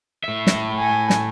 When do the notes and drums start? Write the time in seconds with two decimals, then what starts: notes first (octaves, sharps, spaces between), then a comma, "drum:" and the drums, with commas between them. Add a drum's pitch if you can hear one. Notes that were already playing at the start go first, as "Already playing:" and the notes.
0.24 A2 E5
0.47 drum: snare
0.78 G#5
1.10 drum: snare